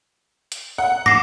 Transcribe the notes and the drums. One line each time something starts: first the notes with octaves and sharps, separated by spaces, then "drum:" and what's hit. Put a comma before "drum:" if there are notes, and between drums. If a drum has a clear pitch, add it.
drum: hi-hat
F#5
D6 A#6 C7 E7, drum: tom